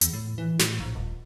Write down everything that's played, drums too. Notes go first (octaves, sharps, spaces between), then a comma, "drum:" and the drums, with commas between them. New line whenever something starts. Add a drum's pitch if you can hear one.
E2, drum: hi-hat
A2
E3
A2, drum: snare
A#1
D#1